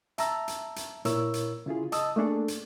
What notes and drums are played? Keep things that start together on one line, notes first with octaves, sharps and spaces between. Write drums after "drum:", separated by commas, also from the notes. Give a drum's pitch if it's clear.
E5 A5 A#5 E6, drum: hi-hat
drum: hi-hat
drum: hi-hat
A#2 E4 A#4 C#5 E6, drum: hi-hat
drum: hi-hat
C#3 E4 F4 G#4
D#5 A5 D#6 E6, drum: hi-hat
A3 A#3 D4 G#4 A4
drum: hi-hat